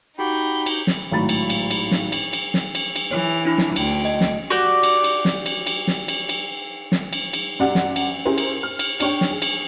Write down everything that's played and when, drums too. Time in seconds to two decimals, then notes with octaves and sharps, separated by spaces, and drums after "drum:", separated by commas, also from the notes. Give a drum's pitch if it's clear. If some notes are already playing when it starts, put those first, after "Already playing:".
0.19 D#4 F#4 G4 F#5 G5 B5 G6
0.66 drum: cymbal
0.87 drum: snare
1.11 G#1 A2 F#3 A#5 B5 A6
1.29 drum: cymbal
1.50 drum: cymbal
1.71 drum: cymbal
1.91 drum: snare
2.12 drum: cymbal
2.33 drum: cymbal
2.54 drum: snare
2.75 drum: cymbal
2.96 drum: cymbal
3.11 E3 C#5
3.45 D4 E4 B5
3.58 drum: snare
3.76 D2 G5, drum: cymbal
4.05 D#5
4.21 drum: snare
4.50 F#4 G4 D5
4.83 drum: cymbal
5.04 drum: cymbal
5.25 drum: snare
5.46 drum: cymbal
5.67 drum: cymbal
5.87 drum: snare
6.08 drum: cymbal
6.29 drum: cymbal
6.92 drum: snare
7.13 drum: cymbal
7.33 drum: cymbal
7.59 F#2 G3 D5 F#5
7.75 drum: snare
7.96 drum: cymbal
8.25 C#4 E4 G4 G#4 A#4 C5
8.38 drum: cymbal
8.63 F6
8.79 drum: cymbal
9.00 D4 C#5 G5, drum: cymbal
9.21 drum: snare
9.30 G#4
9.42 drum: cymbal